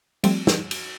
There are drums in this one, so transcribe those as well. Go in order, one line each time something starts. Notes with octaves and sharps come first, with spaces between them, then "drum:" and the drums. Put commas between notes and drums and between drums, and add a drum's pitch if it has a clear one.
F3 G3 A3 C4, drum: cymbal
drum: snare
drum: cymbal